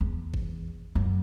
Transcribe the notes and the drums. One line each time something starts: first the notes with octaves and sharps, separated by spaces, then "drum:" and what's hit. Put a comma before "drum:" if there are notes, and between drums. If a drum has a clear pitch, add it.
E2
drum: kick G#1
F#2